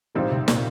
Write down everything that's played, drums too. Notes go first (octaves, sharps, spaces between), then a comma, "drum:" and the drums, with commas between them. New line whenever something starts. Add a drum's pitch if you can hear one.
A#1 G#2 D#3 G3 C4 F4
C3
A#2, drum: snare